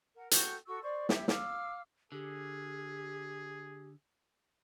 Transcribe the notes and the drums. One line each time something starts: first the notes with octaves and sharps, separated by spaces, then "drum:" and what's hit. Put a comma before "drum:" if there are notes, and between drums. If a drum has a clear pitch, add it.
A#4 F#5
F#4 A4 G5 G6, drum: hi-hat
F#4 A4 C#6 E6
C5 D5 C#6
E4 G4 E5, drum: snare
F5 D6 E6 F6, drum: snare
D3 G4 G#4